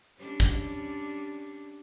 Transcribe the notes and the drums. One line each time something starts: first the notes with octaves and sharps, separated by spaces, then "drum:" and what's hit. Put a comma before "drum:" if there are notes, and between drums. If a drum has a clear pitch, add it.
G3 C#4 D4
drum: kick